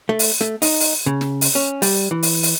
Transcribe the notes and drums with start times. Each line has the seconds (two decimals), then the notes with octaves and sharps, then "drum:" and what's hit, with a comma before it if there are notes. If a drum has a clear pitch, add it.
0.09 A3
0.19 drum: open hi-hat
0.41 A3, drum: snare
0.62 D#4, drum: open hi-hat
0.80 drum: open hi-hat
1.06 C#3
1.21 drum: snare
1.41 drum: open hi-hat
1.55 C#4
1.82 G3, drum: open hi-hat
2.11 E3
2.23 drum: open hi-hat
2.43 drum: open hi-hat